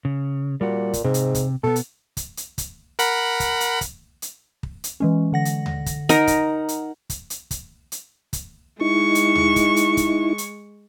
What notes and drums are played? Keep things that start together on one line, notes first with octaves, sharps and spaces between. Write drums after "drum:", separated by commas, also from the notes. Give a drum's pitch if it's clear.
C#3
A#2 G3 F#4
drum: kick, hi-hat
G#2 C3
drum: hi-hat
drum: kick, hi-hat
B2 B3 A4
drum: hi-hat
drum: kick, hi-hat
drum: hi-hat
drum: kick, hi-hat
A#4 F#5 B5, drum: hi-hat
drum: kick, hi-hat
drum: hi-hat
drum: kick, hi-hat
drum: hi-hat
drum: kick
drum: hi-hat
E3 G#3 C#4
D3 F#5 A#6
drum: hi-hat
drum: tom D2
drum: kick, hi-hat
D#4 A#4 F#5 A#5, drum: hi-hat
drum: kick, hi-hat
drum: hi-hat
drum: kick, hi-hat
drum: hi-hat
drum: kick, hi-hat
drum: hi-hat
drum: kick, hi-hat
G#3 D#4 E4 C#6
drum: hi-hat
drum: tom D2
drum: kick, hi-hat
drum: hi-hat
drum: kick, hi-hat
drum: hi-hat